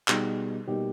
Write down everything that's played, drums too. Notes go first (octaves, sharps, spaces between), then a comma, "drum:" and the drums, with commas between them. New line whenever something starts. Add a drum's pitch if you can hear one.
B2 G3 B3 D#4 G#4, drum: clap
B2 G3 A#3 D#4 G4